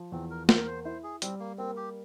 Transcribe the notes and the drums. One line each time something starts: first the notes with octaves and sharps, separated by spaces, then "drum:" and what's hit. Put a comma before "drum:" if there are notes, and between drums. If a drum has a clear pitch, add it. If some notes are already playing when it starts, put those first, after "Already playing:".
Already playing: F3
E2 C4
A#4
A#3 C5, drum: snare
A#4
C5
E4 C5
G#4
G3 C4, drum: hi-hat
A#3
A#3 C4
G4